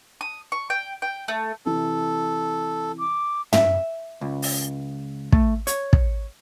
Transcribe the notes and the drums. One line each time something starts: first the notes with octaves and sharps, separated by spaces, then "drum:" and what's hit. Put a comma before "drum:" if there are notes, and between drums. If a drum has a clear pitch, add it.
D#6
C#6
G5
G5
A3
C3 E3 A4
D6
E5, drum: tom
C#2
drum: open hi-hat
A3, drum: kick
C#5, drum: hi-hat
drum: kick